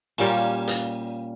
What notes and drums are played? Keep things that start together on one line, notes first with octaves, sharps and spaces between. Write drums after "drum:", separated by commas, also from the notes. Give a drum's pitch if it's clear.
A#2 G3 A#3 C#4, drum: cymbal
drum: hi-hat